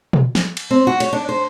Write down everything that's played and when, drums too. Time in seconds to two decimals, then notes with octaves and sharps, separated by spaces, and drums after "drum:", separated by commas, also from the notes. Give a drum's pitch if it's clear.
0.13 drum: tom
0.35 drum: snare
0.57 drum: cymbal
0.71 C4
0.87 F#4
1.00 C#5, drum: cymbal
1.13 D4
1.29 C5